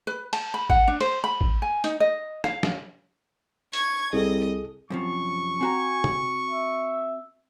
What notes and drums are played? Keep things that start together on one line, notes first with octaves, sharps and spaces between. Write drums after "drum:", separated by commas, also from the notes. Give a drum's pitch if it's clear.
B4
A5, drum: cymbal
B5
F#5, drum: kick
D4
C5, drum: cymbal
B5
drum: kick
G#5
D#4, drum: hi-hat
D#5
F5, drum: rim click
drum: snare
C#6 G#6, drum: hi-hat
C2 G#4 A4 D#5
F#2 C3 F3 C#6
C4 F#4 G#5 A#5
drum: tom
E5